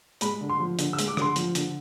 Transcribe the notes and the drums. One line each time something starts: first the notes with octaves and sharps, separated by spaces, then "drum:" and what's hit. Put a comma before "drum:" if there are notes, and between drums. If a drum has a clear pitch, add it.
G#3 B5, drum: hi-hat
D3
C6
F3
D3, drum: hi-hat
E6
G#3, drum: hi-hat
D6
D3 C6, drum: rim click
F3, drum: hi-hat
D3, drum: hi-hat